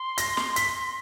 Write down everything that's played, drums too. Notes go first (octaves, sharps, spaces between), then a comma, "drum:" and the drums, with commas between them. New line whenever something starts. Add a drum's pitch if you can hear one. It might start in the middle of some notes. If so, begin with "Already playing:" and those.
Already playing: C6
A#6, drum: hi-hat
drum: snare
B6, drum: hi-hat